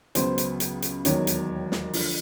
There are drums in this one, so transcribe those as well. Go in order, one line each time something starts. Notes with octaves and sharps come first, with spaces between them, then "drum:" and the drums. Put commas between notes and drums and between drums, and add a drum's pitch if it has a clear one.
C#2 C#3 F#3 B3 C5, drum: hi-hat
drum: hi-hat
drum: hi-hat
drum: hi-hat
E1 D#2 D#3 F#3 B3 C#5, drum: hi-hat
drum: hi-hat
drum: snare
D3 F3, drum: open hi-hat